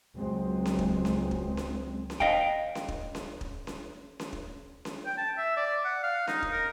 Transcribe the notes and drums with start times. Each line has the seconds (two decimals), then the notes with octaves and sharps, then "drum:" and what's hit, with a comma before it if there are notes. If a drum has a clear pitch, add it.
0.15 C#2 F#3 G#3 C4
0.66 drum: snare C#4
0.79 drum: kick
1.05 drum: snare C#4
1.31 drum: kick
1.57 drum: snare C#4
2.10 drum: snare C#4
2.20 D#5 F5 G5, drum: kick
2.75 drum: snare C#4
2.88 drum: kick
3.15 drum: snare C#4
3.41 drum: kick
3.67 drum: snare C#4
4.20 drum: snare C#4
4.33 drum: kick
4.85 drum: snare C#4
5.06 G5
5.17 A5
5.38 E5
5.57 D5
5.85 F#5
6.03 F5
6.27 D#4, drum: snare C#4
6.42 drum: kick
6.52 A#4